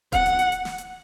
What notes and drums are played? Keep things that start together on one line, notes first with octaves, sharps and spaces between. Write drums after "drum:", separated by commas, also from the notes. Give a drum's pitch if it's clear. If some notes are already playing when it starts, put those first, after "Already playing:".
F#5, drum: kick D#1, hi-hat
drum: hi-hat
drum: hi-hat
drum: hi-hat
drum: snare
drum: hi-hat